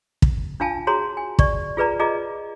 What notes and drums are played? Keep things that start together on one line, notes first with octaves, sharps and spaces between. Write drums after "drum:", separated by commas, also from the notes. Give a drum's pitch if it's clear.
drum: kick
D4 F4 F5 G#5 A5
F#4 G#4 C#5 A#5 C6
G#5
D5 C#6, drum: kick
F4 G#4 B4 D5 A#5
F4 G#4 D#5 A#5 D6